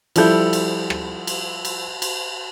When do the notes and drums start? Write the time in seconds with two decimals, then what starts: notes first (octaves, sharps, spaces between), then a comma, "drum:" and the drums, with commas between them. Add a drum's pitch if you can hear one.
0.16 F3 G3 E4 A4 G6, drum: cymbal
0.53 drum: cymbal
0.90 drum: rim click
1.27 drum: cymbal
1.65 drum: cymbal
2.02 drum: cymbal